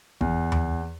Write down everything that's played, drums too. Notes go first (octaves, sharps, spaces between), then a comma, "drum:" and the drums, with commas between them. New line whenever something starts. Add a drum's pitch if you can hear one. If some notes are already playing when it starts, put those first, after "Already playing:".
E2, drum: kick E1
drum: tom D#2